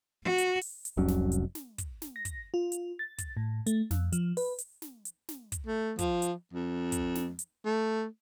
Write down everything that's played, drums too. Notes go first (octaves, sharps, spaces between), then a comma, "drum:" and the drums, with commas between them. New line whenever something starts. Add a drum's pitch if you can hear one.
F#4
drum: hi-hat
drum: open hi-hat
drum: hi-hat
F1 C2 F#3 C#4
drum: snare
drum: hi-hat
drum: snare
drum: kick, hi-hat
drum: snare
A#6
drum: kick, hi-hat
F4
drum: hi-hat
A6
drum: kick, hi-hat
A2
A3, drum: hi-hat
F2, drum: snare
F3, drum: hi-hat
B4, drum: open hi-hat
drum: hi-hat
drum: snare
drum: hi-hat
drum: snare
drum: kick, hi-hat
A3
F3, drum: kick, hi-hat
drum: hi-hat
F2
drum: kick, hi-hat
drum: snare
drum: hi-hat
A3